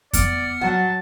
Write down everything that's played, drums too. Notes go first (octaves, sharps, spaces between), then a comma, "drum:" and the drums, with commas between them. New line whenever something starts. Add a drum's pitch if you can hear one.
B3 D5 F6 C#7, drum: kick F2, hi-hat
F#3 F#5 A5